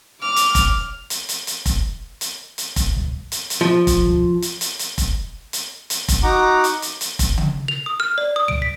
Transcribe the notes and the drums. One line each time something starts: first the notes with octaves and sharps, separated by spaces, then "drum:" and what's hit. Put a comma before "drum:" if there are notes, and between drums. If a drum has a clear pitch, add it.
D6 F6
drum: hi-hat
drum: kick F1, hi-hat
drum: hi-hat
drum: hi-hat
drum: hi-hat
drum: kick F1, hi-hat
drum: hi-hat
drum: hi-hat
drum: kick F1, hi-hat
drum: tom
drum: hi-hat
drum: hi-hat
F3
drum: kick F1, hi-hat
drum: tom
drum: hi-hat
drum: hi-hat
drum: hi-hat
drum: kick F1, hi-hat
drum: hi-hat
drum: hi-hat
drum: kick F1, hi-hat
D#4 F#4 F#5 A#5 D6
drum: hi-hat
drum: hi-hat
drum: hi-hat
drum: kick F1, hi-hat
drum: tom C#3
F7
D#6
F6
D5
D#6
D7, drum: tom
B6